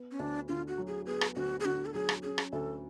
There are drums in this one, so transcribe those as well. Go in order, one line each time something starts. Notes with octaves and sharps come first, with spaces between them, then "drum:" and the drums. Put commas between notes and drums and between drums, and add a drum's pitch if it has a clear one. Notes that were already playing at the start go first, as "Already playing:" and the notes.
Already playing: B3
C#4
D2 D4
D3 F4
F#4
F#3
G#4
B3 G#4
drum: rim click
D2 F#4
G#4
D3 F#4
A4
F#3 G#4
drum: rim click
C#4 G#4
drum: rim click
D2 A4